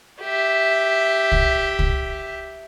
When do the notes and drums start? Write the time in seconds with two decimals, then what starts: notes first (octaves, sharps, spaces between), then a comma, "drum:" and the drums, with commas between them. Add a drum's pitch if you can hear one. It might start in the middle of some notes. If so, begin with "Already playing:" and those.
0.22 G4 E5
1.32 drum: kick
1.79 drum: kick